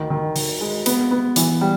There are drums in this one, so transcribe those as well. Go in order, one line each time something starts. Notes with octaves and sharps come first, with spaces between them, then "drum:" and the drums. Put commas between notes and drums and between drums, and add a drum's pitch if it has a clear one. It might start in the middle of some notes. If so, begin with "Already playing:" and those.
Already playing: D2 D#3
D#3
D#3, drum: open hi-hat
G#3
B3, drum: hi-hat
B3
E3, drum: hi-hat
G3